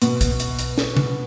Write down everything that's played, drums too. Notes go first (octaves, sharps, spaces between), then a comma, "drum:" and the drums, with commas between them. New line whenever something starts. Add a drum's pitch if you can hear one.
B2, drum: hi-hat
drum: kick, hi-hat
drum: hi-hat
drum: hi-hat
drum: snare
drum: tom